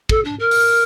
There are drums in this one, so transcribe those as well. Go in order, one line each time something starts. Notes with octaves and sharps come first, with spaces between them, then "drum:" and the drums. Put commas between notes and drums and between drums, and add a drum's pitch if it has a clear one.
A4, drum: kick
D4
A#4
drum: open hi-hat